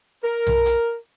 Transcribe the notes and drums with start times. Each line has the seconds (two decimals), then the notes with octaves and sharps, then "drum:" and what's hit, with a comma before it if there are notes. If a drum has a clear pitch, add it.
0.24 A#4
0.47 drum: tom B1
0.66 drum: hi-hat